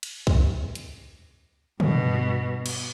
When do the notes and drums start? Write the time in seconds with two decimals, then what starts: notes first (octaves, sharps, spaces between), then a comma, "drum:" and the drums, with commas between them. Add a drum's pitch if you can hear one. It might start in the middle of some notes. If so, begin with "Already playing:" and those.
0.03 drum: cymbal
0.27 drum: kick
0.75 drum: hi-hat
1.80 G2 B2, drum: tom C3
2.66 drum: cymbal